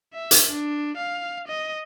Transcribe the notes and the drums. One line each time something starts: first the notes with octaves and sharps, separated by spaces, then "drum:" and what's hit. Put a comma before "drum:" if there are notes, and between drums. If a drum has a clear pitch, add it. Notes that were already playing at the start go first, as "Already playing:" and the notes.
E5
drum: hi-hat
D4
F5
D#5